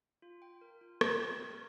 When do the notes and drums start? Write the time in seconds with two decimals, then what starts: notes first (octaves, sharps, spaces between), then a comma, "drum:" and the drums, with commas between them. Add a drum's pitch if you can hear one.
0.22 F4
0.42 G5
0.61 A#4
0.81 F4
1.01 F4, drum: rim click
1.21 G5
1.40 A#4